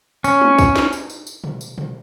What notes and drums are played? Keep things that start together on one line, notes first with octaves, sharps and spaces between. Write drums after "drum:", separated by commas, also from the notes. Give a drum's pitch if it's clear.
C#4, drum: tambourine
drum: tom G#3
drum: kick, tambourine
drum: snare
drum: tambourine
drum: tambourine
drum: tambourine
drum: tom B2
drum: tambourine
drum: tom B2